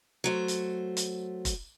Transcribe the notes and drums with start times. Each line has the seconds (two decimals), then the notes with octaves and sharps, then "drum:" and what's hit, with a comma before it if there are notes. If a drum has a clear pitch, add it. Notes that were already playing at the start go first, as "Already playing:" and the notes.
0.24 F#3 A3 C5
0.48 drum: hi-hat
0.97 drum: hi-hat
1.45 drum: kick F1, hi-hat